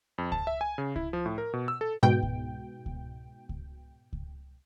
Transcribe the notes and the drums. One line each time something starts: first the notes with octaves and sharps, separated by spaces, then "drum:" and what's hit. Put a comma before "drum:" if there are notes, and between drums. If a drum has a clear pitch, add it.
F2
A5, drum: kick C#2
E5
G#5
C#3
E4, drum: kick C#2
F3
A2
A#4
B2
E6
A4
G#2 B2 G5
drum: kick C#2
drum: kick C#2
drum: kick C#2
drum: kick C#2